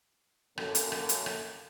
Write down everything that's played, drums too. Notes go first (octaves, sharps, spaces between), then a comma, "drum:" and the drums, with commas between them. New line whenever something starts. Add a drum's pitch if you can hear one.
F#2 A#3 A4, drum: rim click
drum: hi-hat
drum: rim click
drum: hi-hat
drum: rim click